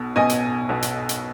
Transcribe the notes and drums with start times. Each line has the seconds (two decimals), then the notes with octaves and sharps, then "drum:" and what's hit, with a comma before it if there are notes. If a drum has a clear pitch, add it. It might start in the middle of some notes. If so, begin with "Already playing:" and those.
Already playing: B1 B2
0.16 B1 B2 D#5 G#5
0.29 drum: hi-hat
0.69 B1 B2
0.82 drum: hi-hat
1.09 drum: hi-hat